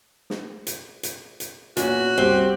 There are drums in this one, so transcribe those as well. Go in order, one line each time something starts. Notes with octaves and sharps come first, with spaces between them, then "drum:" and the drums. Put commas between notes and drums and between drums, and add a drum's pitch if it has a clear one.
drum: snare
drum: hi-hat
drum: hi-hat
drum: hi-hat
E2 A#2 C#4 F#4, drum: hi-hat
C2 C4 G4